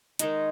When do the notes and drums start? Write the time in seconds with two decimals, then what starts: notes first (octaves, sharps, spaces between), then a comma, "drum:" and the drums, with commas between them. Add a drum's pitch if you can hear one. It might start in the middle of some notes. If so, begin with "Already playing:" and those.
0.19 D#3 G#3 D#4, drum: hi-hat